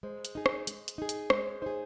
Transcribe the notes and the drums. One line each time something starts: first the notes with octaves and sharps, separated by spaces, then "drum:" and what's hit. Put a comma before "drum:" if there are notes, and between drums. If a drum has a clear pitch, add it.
G#3 C5
drum: hi-hat
D#4 G#4
drum: rim click
G#3, drum: hi-hat
drum: hi-hat
D#4 G#4
drum: hi-hat
G#3 C5, drum: rim click
C#5
D#4 G#4 C5